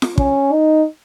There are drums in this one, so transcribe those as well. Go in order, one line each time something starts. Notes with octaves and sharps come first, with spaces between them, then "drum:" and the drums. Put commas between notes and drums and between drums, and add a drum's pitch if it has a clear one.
drum: snare F4
C#4, drum: kick
D#4